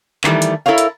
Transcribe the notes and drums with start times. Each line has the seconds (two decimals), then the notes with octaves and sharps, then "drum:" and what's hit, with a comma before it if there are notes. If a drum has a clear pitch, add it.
0.24 D#3 E3 G3 A3, drum: clap
0.42 drum: hi-hat
0.66 E4 A4 A#4 C#5 F5
0.78 drum: hi-hat